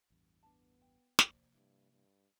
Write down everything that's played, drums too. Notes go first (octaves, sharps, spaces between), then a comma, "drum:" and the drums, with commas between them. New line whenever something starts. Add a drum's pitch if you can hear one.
A1 E2 G2
B3 D4 A5
G5
C3 F3 A#3 C5 D5, drum: snare
G2 E4
G2